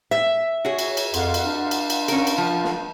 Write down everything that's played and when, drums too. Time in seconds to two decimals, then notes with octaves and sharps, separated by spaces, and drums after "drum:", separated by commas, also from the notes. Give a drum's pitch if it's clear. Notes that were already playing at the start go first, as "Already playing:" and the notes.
0.11 E5
0.65 F#4 G#4 C#5
0.79 drum: cymbal
0.97 drum: cymbal
1.14 F2 F5 F#5 C6, drum: cymbal
1.34 drum: cymbal
1.45 D4
1.71 drum: cymbal
1.90 drum: cymbal
2.08 C#4 A#4, drum: cymbal
2.27 drum: cymbal
2.38 F3
2.64 drum: snare